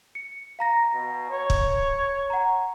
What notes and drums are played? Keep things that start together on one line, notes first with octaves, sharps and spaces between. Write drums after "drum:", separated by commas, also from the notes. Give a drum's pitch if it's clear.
C#7
F5 A#5 A#6
B2
C#5
drum: kick
F#5 A#5